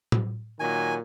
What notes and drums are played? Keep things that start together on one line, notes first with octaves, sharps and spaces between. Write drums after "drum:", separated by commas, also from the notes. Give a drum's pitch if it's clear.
drum: tom A2
A#2 D#3 F#3 G#5